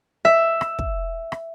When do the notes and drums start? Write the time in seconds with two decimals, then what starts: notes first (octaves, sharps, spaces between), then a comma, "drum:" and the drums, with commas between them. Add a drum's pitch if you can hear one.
0.25 E5
0.61 drum: rim click
0.79 drum: kick
1.32 drum: rim click